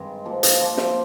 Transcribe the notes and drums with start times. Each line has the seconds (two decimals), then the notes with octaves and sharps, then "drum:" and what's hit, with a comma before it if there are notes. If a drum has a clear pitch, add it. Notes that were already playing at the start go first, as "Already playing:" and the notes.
Already playing: G2 D#3 G#3 C4
0.25 F3 A#3 D4
0.43 drum: hi-hat
0.60 F3 A#3 D4
0.77 drum: snare